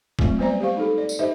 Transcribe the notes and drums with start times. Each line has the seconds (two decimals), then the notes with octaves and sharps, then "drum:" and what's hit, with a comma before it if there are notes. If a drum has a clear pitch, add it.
0.19 F#3 G#3 A3 C4 F4, drum: kick G#1
0.38 G3 B3 B4 C5 D5 A#5
0.60 G4 C5 F5 C#6
0.77 D#4 G4 A4
0.98 D5
1.09 drum: tambourine
1.19 D#4 G4 B4 C5 D#5 E5